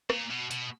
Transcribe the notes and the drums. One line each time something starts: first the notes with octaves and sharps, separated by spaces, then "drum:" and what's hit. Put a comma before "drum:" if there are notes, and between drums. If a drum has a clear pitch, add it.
A#2, drum: rim click
B2
B2, drum: hi-hat